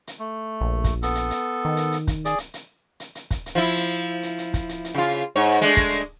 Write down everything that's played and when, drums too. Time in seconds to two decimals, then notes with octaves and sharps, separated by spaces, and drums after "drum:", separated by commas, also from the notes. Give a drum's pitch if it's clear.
0.07 drum: hi-hat
0.19 A3
0.61 A#1
0.84 drum: kick, hi-hat
1.02 B3 A4, drum: hi-hat
1.15 drum: hi-hat
1.30 drum: hi-hat
1.65 D#3
1.77 drum: hi-hat
1.92 drum: hi-hat
2.07 drum: kick, hi-hat
2.25 G#4 D5, drum: hi-hat
2.38 drum: hi-hat
2.54 drum: hi-hat
3.00 drum: hi-hat
3.15 drum: hi-hat
3.31 drum: kick, hi-hat
3.46 drum: hi-hat
3.55 F3 E4
3.77 drum: hi-hat
4.23 drum: hi-hat
4.38 drum: hi-hat
4.54 drum: kick, hi-hat
4.69 drum: hi-hat
4.84 drum: hi-hat
4.94 C#3 F4
5.36 G#2 C#5
5.61 G#3 A3 D4, drum: hi-hat
5.77 drum: kick, hi-hat
5.92 drum: hi-hat